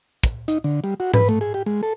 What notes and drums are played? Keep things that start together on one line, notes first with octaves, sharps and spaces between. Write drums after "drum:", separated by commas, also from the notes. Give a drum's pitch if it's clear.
drum: kick, hi-hat
D#4, drum: hi-hat
D3
G3
F#4
B4, drum: tom G#2
A3
G#4
G4
G#3
A4